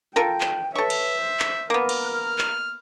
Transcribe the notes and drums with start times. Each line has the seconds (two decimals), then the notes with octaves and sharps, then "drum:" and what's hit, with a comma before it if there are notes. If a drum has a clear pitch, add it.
0.16 F4 A4 A#4 G5
0.41 drum: clap
0.75 A4 B4 C#5 E5 C#6
0.90 drum: cymbal
1.18 C5
1.40 drum: clap
1.70 A#3 B3 A#4
1.89 drum: cymbal
2.06 F6
2.38 drum: clap